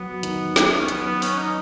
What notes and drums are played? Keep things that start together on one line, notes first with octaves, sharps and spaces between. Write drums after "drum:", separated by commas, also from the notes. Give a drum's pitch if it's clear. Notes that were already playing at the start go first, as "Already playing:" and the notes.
Already playing: F#3 B3 F#4
D#3 D#4, drum: hi-hat
B3, drum: snare
G#3
B3
C#4
F#3 B3, drum: hi-hat
B3
C#4, drum: open hi-hat
D#4